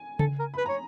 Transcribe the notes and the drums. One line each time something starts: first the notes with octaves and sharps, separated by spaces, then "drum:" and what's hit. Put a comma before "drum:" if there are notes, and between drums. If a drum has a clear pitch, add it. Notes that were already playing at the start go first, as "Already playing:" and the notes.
Already playing: G#5
A4, drum: tom C#3
A#4
B4 B5
C#5 A#5